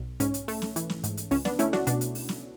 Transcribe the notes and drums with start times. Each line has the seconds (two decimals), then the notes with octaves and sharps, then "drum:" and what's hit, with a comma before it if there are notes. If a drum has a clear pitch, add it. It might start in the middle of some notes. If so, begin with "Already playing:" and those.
Already playing: B1
0.20 G#2 C#4, drum: hi-hat
0.34 drum: hi-hat
0.48 A3, drum: open hi-hat
0.62 drum: snare
0.76 E3, drum: hi-hat
0.90 drum: snare
1.04 G#2, drum: hi-hat
1.17 drum: hi-hat
1.31 C#2 C#4, drum: open hi-hat
1.45 B3 D4, drum: snare
1.59 A3 C#4 E4, drum: hi-hat
1.73 D4 F#4, drum: snare
1.87 B2 D4 F#4, drum: hi-hat
2.01 drum: hi-hat
2.15 drum: open hi-hat
2.29 drum: snare